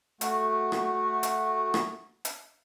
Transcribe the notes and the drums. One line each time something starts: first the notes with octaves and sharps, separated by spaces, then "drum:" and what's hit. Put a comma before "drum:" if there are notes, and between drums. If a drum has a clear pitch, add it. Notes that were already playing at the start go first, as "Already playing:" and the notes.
A3 F#4, drum: hi-hat
drum: rim click
drum: hi-hat
drum: rim click
drum: hi-hat